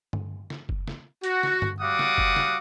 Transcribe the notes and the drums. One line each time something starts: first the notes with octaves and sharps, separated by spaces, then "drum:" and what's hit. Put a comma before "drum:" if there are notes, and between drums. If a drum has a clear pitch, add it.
drum: tom G2
drum: snare
drum: kick F#1
drum: snare
F#4, drum: hi-hat
drum: snare
drum: tom G2
G3 F#4 F5 F#5 D6 D#6
drum: snare
drum: kick F#1
drum: snare